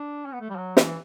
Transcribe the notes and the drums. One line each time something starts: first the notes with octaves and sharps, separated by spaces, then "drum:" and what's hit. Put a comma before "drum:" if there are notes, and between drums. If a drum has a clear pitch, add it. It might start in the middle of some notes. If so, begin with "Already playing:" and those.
Already playing: D4
C#4
B3
A3
G3
F#3
E3, drum: snare